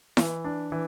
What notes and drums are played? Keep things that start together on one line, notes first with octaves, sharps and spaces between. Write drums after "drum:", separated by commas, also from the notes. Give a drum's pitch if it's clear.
E3, drum: snare E4
D4
E3